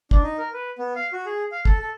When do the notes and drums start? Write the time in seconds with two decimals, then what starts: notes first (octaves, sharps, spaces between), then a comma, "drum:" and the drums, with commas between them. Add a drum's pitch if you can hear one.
0.11 D4, drum: kick
0.23 D#4
0.38 A#4
0.53 B4
0.78 B3
0.96 F5
1.13 F#4
1.26 G#4
1.52 F5
1.65 A4, drum: kick
1.79 A4